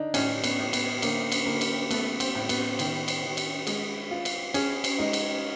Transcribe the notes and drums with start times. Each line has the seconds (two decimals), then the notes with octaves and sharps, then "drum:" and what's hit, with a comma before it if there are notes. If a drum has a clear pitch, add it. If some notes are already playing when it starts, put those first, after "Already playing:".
Already playing: D3 D4 D#4
0.14 A2 C#4, drum: cymbal
0.44 B3, drum: cymbal
0.59 A2
0.73 B3, drum: cymbal
1.02 D3 A#3, drum: cymbal
1.32 drum: cymbal
1.46 D3 A#3
1.61 drum: cymbal
1.91 A3 B3, drum: cymbal
2.20 C4, drum: cymbal
2.35 A2
2.49 B3, drum: cymbal
2.79 D#3, drum: cymbal
3.08 drum: cymbal
3.23 D#3
3.37 drum: cymbal
3.67 G#3, drum: cymbal
4.11 F4
4.25 drum: cymbal
4.54 C#4 G#4, drum: cymbal
4.84 drum: cymbal
4.99 G#3 D#4
5.13 drum: cymbal